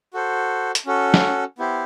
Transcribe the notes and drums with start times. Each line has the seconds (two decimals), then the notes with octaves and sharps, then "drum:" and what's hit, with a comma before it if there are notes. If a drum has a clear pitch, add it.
0.14 F#4 A4 C5
0.75 drum: hi-hat
0.86 C#4 F#4 A4
1.14 drum: snare
1.59 B3 E4 G4 C5